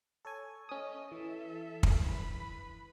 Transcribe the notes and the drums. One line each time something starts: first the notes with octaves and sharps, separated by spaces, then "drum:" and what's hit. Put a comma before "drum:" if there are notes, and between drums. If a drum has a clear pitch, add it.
A4 C#5 G#5
A3 C#4 D#5 D#6
E3 A4 E5
drum: kick
B4 B5